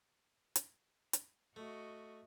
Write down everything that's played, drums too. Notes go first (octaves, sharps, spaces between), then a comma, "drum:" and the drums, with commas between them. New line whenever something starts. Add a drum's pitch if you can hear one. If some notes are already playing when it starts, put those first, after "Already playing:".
drum: hi-hat
drum: hi-hat
A3 F#4 D#5